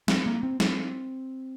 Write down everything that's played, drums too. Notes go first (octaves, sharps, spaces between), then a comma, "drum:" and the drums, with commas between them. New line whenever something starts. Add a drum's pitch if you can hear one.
C4, drum: snare
A#3
C4
C4, drum: snare